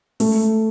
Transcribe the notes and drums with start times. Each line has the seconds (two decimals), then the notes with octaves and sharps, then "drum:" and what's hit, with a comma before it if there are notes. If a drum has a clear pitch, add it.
0.20 A3, drum: open hi-hat